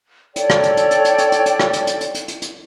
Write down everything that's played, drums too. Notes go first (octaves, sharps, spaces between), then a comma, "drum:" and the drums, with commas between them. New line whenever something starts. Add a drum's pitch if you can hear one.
A4 C#5 D5 G5, drum: hi-hat
drum: rim click
drum: hi-hat
drum: hi-hat
drum: hi-hat
drum: hi-hat
drum: hi-hat
drum: hi-hat
drum: hi-hat
drum: rim click
drum: hi-hat
drum: hi-hat
drum: hi-hat
drum: hi-hat
drum: hi-hat
drum: hi-hat